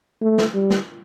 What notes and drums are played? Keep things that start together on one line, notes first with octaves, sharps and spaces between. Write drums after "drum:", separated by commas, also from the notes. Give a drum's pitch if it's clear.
A3
drum: snare
G3
drum: snare